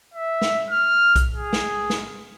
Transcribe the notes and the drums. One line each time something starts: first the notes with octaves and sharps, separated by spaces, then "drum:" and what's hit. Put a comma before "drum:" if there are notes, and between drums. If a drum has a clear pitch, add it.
E5
drum: snare
F6
drum: kick B1, hi-hat
G#4
drum: snare
drum: snare